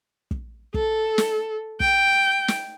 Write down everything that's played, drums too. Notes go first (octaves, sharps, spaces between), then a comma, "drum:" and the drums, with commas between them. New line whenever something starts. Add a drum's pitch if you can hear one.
drum: kick
A4, drum: kick
drum: snare
G5, drum: kick
drum: snare